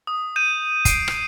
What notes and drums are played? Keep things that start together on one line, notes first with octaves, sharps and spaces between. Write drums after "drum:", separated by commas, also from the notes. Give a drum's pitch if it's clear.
D#6
G6 D#7 E7
C7 D7, drum: kick, hi-hat
drum: rim click